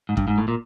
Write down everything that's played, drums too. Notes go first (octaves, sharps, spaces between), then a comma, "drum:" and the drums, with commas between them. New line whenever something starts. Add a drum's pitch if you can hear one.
G#2
G2, drum: kick
G#2
A2
A#2